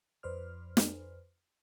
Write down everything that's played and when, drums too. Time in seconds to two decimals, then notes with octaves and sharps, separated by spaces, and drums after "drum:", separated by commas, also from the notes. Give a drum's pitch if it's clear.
0.23 F2 B4 C5 D5 F6
0.77 drum: snare